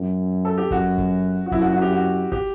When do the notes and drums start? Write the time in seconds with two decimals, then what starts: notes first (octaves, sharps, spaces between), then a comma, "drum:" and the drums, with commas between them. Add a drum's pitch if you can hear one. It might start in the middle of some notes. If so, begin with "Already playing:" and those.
Already playing: F#2
0.45 A4
0.58 G4
0.71 F#2 F#4, drum: kick
0.98 drum: kick
1.46 F#4
1.52 F#2 E4, drum: kick
1.62 F#4
1.72 F#4
1.82 G4
1.93 F#4
2.32 G4, drum: kick